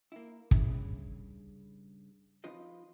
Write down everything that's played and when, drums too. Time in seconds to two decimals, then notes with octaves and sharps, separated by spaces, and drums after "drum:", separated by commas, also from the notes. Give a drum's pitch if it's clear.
0.12 A#3 E4
0.51 G2 C#3 E4, drum: kick
2.44 F3 C4 D#4 F4 B4 D#5